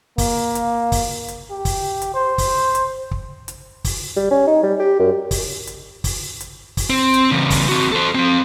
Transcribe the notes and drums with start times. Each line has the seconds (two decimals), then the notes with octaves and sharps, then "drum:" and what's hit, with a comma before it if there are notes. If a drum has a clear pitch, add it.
0.18 A#3, drum: kick, open hi-hat
0.55 drum: hi-hat
0.92 drum: kick, open hi-hat
1.28 drum: hi-hat
1.51 G4
1.65 drum: kick, open hi-hat
2.02 drum: hi-hat
2.14 C5
2.38 drum: kick, open hi-hat
2.75 drum: hi-hat
3.11 drum: kick
3.48 drum: hi-hat
3.84 drum: kick, open hi-hat
4.16 G3
4.31 C#4
4.48 D#4
4.63 G3
4.79 G4
4.99 F#2
5.31 drum: kick, open hi-hat
5.67 drum: hi-hat
6.04 drum: kick, open hi-hat
6.41 drum: hi-hat
6.77 drum: kick, open hi-hat
6.90 C4
7.14 drum: hi-hat
7.31 E2 C#3
7.50 drum: kick, open hi-hat
7.69 C4 F#4
7.92 A4 C5
8.15 F3 C4